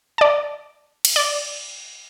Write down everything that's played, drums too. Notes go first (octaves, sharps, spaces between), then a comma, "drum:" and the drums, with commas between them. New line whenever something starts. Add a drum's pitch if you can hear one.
D5 A5
drum: cymbal
D5